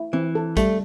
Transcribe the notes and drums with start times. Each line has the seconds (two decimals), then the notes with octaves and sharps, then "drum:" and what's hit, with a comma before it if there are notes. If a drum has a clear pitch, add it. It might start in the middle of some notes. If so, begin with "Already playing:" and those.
Already playing: E4
0.13 E3 C4
0.35 A4
0.57 G3 A3, drum: kick, hi-hat